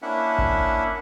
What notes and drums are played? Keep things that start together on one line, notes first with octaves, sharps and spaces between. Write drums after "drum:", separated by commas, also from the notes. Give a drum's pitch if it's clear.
A#3 C#4 D4 E4 E5 F#5
drum: kick G1